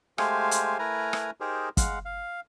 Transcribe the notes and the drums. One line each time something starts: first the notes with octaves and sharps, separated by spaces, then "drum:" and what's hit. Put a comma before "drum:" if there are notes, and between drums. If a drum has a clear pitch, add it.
G#3 A3 G4 C5 F5 G#5, drum: rim click
drum: hi-hat
A3 E4 A#4 B4 G#5 A#5
drum: rim click
D#4 G4 G#4 A#4 C5
G#3 F5 F#5, drum: kick, hi-hat
F5